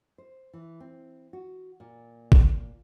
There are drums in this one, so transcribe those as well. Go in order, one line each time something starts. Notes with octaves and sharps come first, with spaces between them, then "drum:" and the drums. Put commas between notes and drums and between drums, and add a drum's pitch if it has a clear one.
C5
E3
C4
F#4
A#2
drum: kick